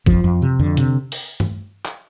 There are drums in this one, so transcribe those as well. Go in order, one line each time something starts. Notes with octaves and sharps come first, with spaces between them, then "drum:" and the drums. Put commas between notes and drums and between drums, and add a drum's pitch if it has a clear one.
F2 F3, drum: kick
F2
C3
F2 D3
C3, drum: hi-hat
drum: open hi-hat
drum: tom G2
drum: clap